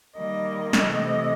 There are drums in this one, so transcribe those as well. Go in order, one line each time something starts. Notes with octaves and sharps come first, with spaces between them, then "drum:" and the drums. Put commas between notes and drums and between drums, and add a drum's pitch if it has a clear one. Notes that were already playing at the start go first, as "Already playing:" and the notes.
D#3 G3 A#3 D#5
drum: snare
C3 E3 A3